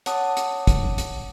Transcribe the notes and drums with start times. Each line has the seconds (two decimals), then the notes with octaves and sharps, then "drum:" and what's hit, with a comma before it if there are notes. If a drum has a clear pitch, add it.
0.06 C#5 F#5 A5 D6 D#6, drum: hi-hat
0.37 drum: hi-hat
0.67 drum: kick, hi-hat
0.98 drum: hi-hat